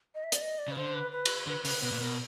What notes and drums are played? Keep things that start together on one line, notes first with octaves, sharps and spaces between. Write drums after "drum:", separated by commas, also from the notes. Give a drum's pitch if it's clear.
D#5
E5
D5, drum: hi-hat
D#5
D5
C#3
B4
D3 C5
B4
B4
drum: cymbal
D3 B4
C#3 B4, drum: open hi-hat
B2 B4
A#2
B2 A#4